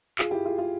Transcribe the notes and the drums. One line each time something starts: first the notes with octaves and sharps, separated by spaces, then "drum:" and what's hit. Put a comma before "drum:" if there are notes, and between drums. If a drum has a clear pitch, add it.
F4 G#4, drum: clap
E4 G4
F4 G#4
F4 G#4